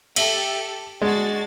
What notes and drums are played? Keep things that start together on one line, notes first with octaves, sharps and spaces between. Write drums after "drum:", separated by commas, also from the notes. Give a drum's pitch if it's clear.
G4 A4 E5, drum: cymbal
G#3 D4 F#4 A6